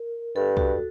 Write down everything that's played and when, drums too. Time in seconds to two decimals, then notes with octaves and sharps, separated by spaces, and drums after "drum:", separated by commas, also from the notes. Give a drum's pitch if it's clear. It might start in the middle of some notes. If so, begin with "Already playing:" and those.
Already playing: A#4
0.36 G2 A4
0.57 F#4, drum: kick